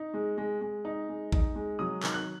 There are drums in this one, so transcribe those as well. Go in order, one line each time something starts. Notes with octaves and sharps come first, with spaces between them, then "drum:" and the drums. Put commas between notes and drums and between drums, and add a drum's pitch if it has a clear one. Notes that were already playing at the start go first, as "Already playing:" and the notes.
Already playing: D#4
G#3
G#3
G#3
D#4
G#3
D#4, drum: kick A1
G#3
F#3 D#6
D#3, drum: clap
F#6